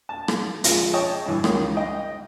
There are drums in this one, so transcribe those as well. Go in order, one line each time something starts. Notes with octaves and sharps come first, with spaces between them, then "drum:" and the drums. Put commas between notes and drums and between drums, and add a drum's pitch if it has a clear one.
A5
drum: rim click
F3 G#3, drum: hi-hat
C#5 D#5 G5 A5 D#6
G2 E3
C#2 D#3 D#6, drum: rim click
D#5 G5